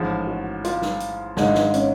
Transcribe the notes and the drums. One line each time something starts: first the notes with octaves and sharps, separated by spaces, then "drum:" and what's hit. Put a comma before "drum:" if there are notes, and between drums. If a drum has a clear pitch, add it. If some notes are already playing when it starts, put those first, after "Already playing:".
Already playing: A1 G#2 F3 G#4
F#4
F4, drum: hi-hat
drum: snare
drum: hi-hat
G#1 G#2 G#3 D4, drum: snare
drum: snare
C#4, drum: hi-hat